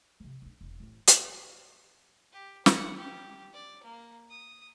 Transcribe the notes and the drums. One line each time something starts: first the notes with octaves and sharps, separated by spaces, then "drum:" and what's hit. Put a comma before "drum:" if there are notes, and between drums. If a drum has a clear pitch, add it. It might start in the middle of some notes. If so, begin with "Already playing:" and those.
C3 F3
B1 D4
E1
A1 C4
drum: hi-hat
G4
F#5, drum: snare
G4
D5
A#3
D#6